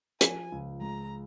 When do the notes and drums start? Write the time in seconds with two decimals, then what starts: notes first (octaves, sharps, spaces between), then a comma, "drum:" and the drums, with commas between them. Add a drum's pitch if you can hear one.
0.21 F3 G#5, drum: hi-hat
0.52 C#2
0.81 G#3 A#5